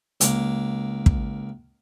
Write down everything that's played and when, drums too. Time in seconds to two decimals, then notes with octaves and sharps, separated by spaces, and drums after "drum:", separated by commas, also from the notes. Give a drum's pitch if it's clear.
0.21 C#2 A#3, drum: hi-hat
1.06 drum: kick